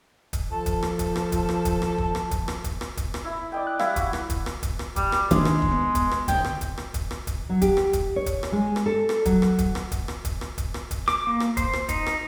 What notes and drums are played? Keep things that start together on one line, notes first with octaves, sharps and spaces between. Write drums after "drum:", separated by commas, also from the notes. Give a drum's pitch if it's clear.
drum: kick, hi-hat
F3 A4
drum: kick, hi-hat
drum: rim click
drum: kick, hi-hat
drum: rim click
drum: kick, hi-hat
drum: rim click
drum: kick, hi-hat
drum: rim click
drum: kick
drum: rim click
drum: kick, hi-hat
drum: rim click
drum: kick, hi-hat
drum: rim click
drum: kick, hi-hat
drum: rim click
E4
D5 D#5 G5
F#6
G3 E4 F5, drum: rim click
F#4, drum: kick, hi-hat
drum: rim click
drum: kick, hi-hat
drum: rim click
drum: kick, hi-hat
drum: rim click
G3, drum: kick, hi-hat
drum: rim click
D#3 G#3 A#3 D4, drum: kick, hi-hat
drum: rim click
drum: kick
B3
drum: kick, hi-hat
drum: rim click
G1 C2 F2 G5, drum: kick, hi-hat
drum: rim click
drum: kick, hi-hat
drum: rim click
drum: kick, hi-hat
drum: rim click
drum: kick, hi-hat
F#3
G4, drum: kick, hi-hat
drum: rim click
drum: kick, hi-hat
C#5
drum: kick, hi-hat
drum: rim click
G#3
drum: rim click
A4
drum: rim click
F#3, drum: kick, hi-hat
drum: rim click
drum: kick, hi-hat
drum: rim click
drum: kick, hi-hat
drum: rim click
drum: kick, hi-hat
drum: rim click
drum: kick, hi-hat
drum: rim click
drum: kick, hi-hat
D6, drum: rim click
A#3
drum: rim click
C5, drum: kick, hi-hat
drum: rim click
D#4, drum: kick, hi-hat
drum: rim click